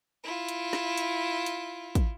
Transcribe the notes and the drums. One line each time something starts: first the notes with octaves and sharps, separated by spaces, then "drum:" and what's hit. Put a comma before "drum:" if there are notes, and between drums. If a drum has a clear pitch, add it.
E4 F4
drum: hi-hat
drum: snare
drum: hi-hat
drum: hi-hat
drum: kick, hi-hat